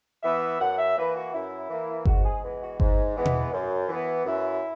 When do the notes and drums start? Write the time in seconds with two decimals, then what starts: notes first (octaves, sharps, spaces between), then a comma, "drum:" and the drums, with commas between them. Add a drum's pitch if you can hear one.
0.23 E3 B3 E5
0.60 F#2 F#5
0.78 E5
0.97 E3 A#3 B4
1.14 F#4
1.33 F#2 E4
1.69 E3 A#3
2.05 G#2 F#4, drum: kick G1
2.24 G#4
2.43 E3 G#3 B3
2.61 F#4
2.80 G#2, drum: kick G1
3.16 E3 G#3 B3
3.25 drum: tom B2
3.52 F#2
3.88 E3 B3
4.25 F#2 E4